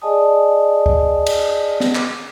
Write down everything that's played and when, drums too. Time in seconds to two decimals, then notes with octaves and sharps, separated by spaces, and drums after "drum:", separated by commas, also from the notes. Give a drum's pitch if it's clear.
0.02 G#4 D5 D#5 G#5 A5 D#6
0.86 drum: kick C#2
1.26 drum: cymbal
1.80 drum: snare
1.95 drum: clap